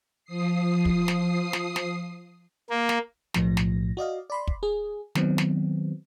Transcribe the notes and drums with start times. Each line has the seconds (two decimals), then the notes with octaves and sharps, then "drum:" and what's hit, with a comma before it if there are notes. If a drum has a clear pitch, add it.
0.25 F3 D#6 C7
0.85 drum: kick
1.08 drum: snare
1.53 drum: snare
1.76 drum: snare
2.70 A#3
2.89 drum: snare
3.34 B1 A2 F3 A#6, drum: snare
3.57 drum: snare
3.97 F#4 D5 D#5 F5
4.30 D5 B5 C6
4.47 drum: kick
4.63 G#4
5.15 D#3 F#3 B3 C4, drum: snare
5.38 drum: snare